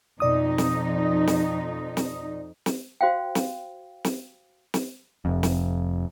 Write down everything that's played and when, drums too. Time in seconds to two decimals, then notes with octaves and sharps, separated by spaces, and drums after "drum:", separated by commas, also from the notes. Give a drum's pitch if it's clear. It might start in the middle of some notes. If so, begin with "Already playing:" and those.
0.20 F2 B2 D#4 D5 D#6
0.58 drum: snare
1.27 drum: snare
1.97 drum: snare
2.66 drum: snare
3.01 F#4 C5 F5 G5
3.35 drum: snare
4.04 drum: snare
4.74 drum: snare
5.25 F1 F2
5.43 drum: snare